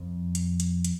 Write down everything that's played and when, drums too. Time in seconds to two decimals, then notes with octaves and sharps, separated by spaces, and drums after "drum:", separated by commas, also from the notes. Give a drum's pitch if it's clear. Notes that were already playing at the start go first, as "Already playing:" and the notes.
Already playing: F2
0.35 drum: hi-hat
0.60 drum: hi-hat
0.85 drum: hi-hat